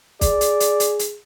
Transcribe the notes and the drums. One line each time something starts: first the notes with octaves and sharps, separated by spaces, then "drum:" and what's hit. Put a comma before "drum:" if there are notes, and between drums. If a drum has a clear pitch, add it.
G#4 D5, drum: kick, hi-hat
drum: hi-hat
drum: hi-hat
drum: hi-hat
drum: hi-hat